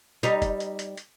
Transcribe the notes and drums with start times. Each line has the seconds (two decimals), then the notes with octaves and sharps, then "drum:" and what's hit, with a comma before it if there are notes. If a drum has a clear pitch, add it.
0.23 G3 D#4, drum: hi-hat
0.42 drum: kick, hi-hat
0.60 drum: hi-hat
0.79 drum: hi-hat
0.97 drum: hi-hat